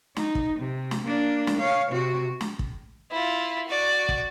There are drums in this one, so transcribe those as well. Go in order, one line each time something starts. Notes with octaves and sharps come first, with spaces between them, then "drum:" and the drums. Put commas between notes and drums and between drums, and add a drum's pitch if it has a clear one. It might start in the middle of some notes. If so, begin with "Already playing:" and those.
D#4, drum: snare
drum: kick
C3
drum: snare
A#3 D4
drum: snare
C#5 F5
C3 F#4
drum: snare
drum: kick
E4 F4
F#4 D5
drum: kick